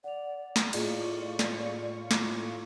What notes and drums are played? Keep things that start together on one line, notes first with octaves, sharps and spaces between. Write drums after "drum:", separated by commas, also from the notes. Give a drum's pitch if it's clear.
D5 F#5 F7
drum: snare
A2 F4 G#4 D5 D#5 C#6, drum: cymbal
drum: snare
D6, drum: snare